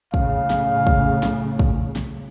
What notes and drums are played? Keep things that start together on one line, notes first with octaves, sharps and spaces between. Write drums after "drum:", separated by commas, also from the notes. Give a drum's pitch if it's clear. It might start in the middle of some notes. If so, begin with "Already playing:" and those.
A2 C#3 F5, drum: kick
drum: snare
drum: kick
drum: snare
drum: kick
drum: snare